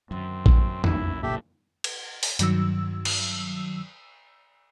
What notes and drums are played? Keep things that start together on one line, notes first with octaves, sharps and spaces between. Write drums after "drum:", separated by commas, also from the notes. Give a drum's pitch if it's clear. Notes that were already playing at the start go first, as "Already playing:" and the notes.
F#2 D3 D#3 C4
drum: kick A#1
A#1 E2 E4, drum: tom F2
F#1 B1 A#2 G4 A4 E5
drum: cymbal
drum: open hi-hat
G2 D#3 F#3 E6, drum: hi-hat
drum: cymbal